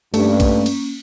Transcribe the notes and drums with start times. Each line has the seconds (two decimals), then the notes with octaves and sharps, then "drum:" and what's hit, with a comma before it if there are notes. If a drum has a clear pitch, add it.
0.14 G2 A3 A#3 C#4, drum: cymbal
0.40 drum: kick A#1, cymbal
0.66 drum: cymbal